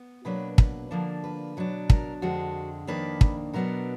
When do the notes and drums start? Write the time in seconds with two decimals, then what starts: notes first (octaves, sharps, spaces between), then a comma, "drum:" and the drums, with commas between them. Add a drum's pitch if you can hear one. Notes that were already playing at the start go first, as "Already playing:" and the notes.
Already playing: B3
0.25 B2 F#3 A#3 D4 B4
0.58 B4, drum: kick
0.91 D3 F3 A#3 D4
1.24 B4
1.57 B2 F#3 D4
1.90 A#4, drum: kick
2.22 F2 D3 G#3 F#4
2.87 F2 D#3 A#3 D4 B4
3.21 drum: kick
3.54 B2 F#3 B3 D4 A#4